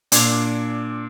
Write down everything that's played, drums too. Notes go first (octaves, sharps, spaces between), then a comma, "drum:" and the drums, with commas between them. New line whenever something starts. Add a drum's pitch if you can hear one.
A#2 D4 D6 G#6 C7, drum: hi-hat